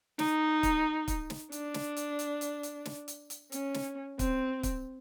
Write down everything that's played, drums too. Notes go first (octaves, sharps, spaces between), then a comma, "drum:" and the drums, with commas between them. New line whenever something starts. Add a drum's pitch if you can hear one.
D#4, drum: snare
drum: kick, hi-hat
drum: kick, hi-hat
drum: snare
D4, drum: hi-hat
drum: snare
drum: hi-hat
drum: hi-hat
drum: hi-hat
drum: hi-hat
drum: snare
drum: hi-hat
drum: hi-hat
C#4, drum: hi-hat
drum: snare
C4, drum: kick, hi-hat
drum: kick, hi-hat